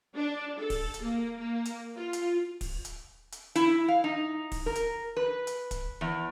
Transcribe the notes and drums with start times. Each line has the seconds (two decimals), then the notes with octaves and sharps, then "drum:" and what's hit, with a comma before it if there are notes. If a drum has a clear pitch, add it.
0.15 D4
0.58 A4
0.70 drum: kick, open hi-hat
0.94 drum: hi-hat
1.03 A#3
1.38 A#3
1.65 drum: hi-hat
1.96 F4
2.13 drum: hi-hat
2.61 drum: kick, open hi-hat
2.85 drum: hi-hat
3.32 drum: hi-hat
3.55 E4, drum: hi-hat
3.88 F5
4.04 D#4
4.52 drum: kick, open hi-hat
4.66 A#4
4.75 drum: hi-hat
5.17 B4
5.47 drum: hi-hat
5.71 drum: kick, hi-hat
6.01 E2